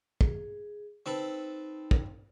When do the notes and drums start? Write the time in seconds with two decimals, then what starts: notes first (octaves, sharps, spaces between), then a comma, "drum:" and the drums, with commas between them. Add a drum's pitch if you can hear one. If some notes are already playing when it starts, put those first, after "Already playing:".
0.21 G#4, drum: kick
1.06 C4 D#4 A4 B4
1.91 drum: kick